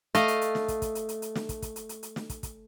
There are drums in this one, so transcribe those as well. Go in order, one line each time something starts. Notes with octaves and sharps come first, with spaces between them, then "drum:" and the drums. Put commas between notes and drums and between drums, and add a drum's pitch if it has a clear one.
A3 D#5 F5, drum: hi-hat
drum: hi-hat
drum: hi-hat
drum: snare
drum: kick, hi-hat
drum: kick, hi-hat
drum: hi-hat
drum: hi-hat
drum: hi-hat
drum: snare
drum: kick, hi-hat
drum: kick, hi-hat
drum: hi-hat
drum: hi-hat
drum: hi-hat
drum: snare
drum: kick, hi-hat
drum: kick, hi-hat